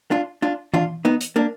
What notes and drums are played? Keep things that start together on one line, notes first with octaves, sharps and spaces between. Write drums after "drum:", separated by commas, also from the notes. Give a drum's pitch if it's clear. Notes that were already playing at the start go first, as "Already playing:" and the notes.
D4 F4
D4 F4
D4 F4, drum: tom E3
B3 D#4
drum: hi-hat
A#3 D4